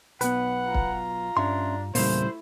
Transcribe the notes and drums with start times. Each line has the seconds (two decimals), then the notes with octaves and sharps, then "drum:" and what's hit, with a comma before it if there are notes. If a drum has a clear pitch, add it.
0.21 B1 B3 B4 F#5, drum: hi-hat
0.64 F4 A#5
0.74 drum: kick
1.37 G2 C#4 D4 E5 C6
1.95 E2 A#2 C#3 G3 A3 A#3 E4 C5, drum: open hi-hat